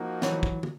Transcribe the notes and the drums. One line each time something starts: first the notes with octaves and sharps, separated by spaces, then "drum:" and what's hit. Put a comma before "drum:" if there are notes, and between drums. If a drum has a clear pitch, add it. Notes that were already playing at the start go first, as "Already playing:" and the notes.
Already playing: F3 A#3 D#4 F#4
E3 F#3, drum: snare
drum: kick
drum: tom